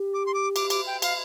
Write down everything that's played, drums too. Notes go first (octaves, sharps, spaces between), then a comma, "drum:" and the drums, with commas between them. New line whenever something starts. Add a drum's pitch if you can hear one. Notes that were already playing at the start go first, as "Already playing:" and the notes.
Already playing: G4
D6
C6
D6
D6, drum: cymbal
D6, drum: cymbal
G5
F5, drum: cymbal